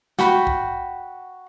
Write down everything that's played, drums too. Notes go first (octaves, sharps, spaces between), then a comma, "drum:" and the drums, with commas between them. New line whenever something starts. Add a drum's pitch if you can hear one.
F#4 G5 B5, drum: snare
drum: kick